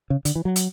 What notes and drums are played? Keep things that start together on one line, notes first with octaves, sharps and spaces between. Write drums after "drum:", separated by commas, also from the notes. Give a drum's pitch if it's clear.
C#3
D3, drum: hi-hat
E3
F#3
drum: hi-hat